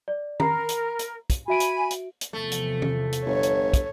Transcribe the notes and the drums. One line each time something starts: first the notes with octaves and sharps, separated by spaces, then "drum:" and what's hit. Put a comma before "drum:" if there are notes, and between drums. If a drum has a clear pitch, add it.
D5
A#4 A#5 B5 C7, drum: tom
drum: hi-hat
drum: hi-hat
drum: kick, hi-hat
F#4 E5 G#5 B5 D7
drum: hi-hat
drum: hi-hat
drum: hi-hat
E2 C3 F3 A3
drum: hi-hat
drum: tom
drum: hi-hat
G1 C#5
drum: hi-hat
drum: kick, hi-hat